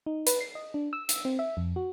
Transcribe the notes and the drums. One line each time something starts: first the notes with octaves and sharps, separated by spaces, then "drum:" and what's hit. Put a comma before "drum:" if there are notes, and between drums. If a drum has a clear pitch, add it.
D#4
B4, drum: hi-hat
C7
D#5
D4
E6
drum: hi-hat
C4
E5
F2
F#4